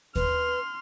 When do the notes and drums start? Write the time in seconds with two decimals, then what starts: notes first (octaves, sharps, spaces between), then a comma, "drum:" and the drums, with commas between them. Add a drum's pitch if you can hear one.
0.16 B4 C6 F6, drum: kick D#2